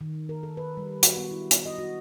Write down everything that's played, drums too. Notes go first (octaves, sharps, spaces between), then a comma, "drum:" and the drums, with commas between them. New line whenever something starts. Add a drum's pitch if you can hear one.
D#3
A#4
A4
B4
G3
F#4, drum: hi-hat
B3
E4
B3, drum: hi-hat
D#5
F#4